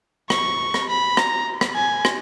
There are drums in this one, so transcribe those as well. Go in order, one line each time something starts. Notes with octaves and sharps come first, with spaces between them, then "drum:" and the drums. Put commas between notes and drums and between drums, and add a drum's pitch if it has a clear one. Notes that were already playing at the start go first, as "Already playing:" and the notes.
C#6, drum: rim click
drum: rim click
B5
A#5, drum: rim click
drum: rim click
G#5
drum: rim click